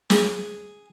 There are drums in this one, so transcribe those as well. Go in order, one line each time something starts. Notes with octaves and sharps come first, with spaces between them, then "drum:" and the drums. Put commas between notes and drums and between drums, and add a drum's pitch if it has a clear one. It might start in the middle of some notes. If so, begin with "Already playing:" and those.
G#4, drum: snare